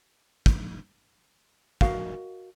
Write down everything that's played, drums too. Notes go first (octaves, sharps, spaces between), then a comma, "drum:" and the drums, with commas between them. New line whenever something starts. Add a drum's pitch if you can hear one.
drum: kick
F#4 A#4 D#5 F5, drum: kick